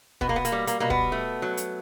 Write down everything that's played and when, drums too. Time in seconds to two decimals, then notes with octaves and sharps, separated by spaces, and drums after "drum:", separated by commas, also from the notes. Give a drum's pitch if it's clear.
0.21 B2 B3, drum: kick
0.29 A#3
0.36 B3
0.45 A#3, drum: hi-hat
0.52 G3
0.67 A#3, drum: hi-hat
0.80 B2 A#3
0.90 B3, drum: kick
1.12 A3
1.42 F#3
1.57 drum: hi-hat